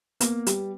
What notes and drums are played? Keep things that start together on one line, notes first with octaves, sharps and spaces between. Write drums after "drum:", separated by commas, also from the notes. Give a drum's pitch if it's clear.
A#3 B3, drum: hi-hat
G3, drum: hi-hat